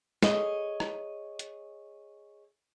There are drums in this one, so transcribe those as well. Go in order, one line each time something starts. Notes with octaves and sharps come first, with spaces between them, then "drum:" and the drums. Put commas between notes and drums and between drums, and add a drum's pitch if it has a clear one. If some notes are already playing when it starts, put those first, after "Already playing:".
G#4 C#5 D#5, drum: snare
drum: rim click
drum: hi-hat